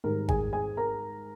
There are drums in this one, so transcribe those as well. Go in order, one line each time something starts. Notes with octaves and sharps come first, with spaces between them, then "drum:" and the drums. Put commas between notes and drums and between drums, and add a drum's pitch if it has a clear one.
G#2 D#3 G3 A#4 A#5
G#4 G#5, drum: kick G#1
G#4 G#5
A#4 A#5